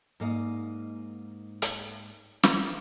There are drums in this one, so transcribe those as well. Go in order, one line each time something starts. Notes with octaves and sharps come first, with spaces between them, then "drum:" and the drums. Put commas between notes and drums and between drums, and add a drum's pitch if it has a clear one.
G#2 A#3 D#5
drum: hi-hat
drum: snare